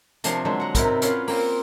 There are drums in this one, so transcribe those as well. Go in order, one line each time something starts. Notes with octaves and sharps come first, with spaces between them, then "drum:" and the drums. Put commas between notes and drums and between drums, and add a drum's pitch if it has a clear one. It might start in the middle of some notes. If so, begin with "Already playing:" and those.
C3 F3 D4 C5 C#5 C6, drum: hi-hat
D3 F#3 G#3 C5 E5
F#5 A#5
C3 C4 D#4 E4 A#4 B4, drum: kick, hi-hat
C#4 F4 B4 D5 F5 F#5, drum: hi-hat
A#3 C4 F4, drum: open hi-hat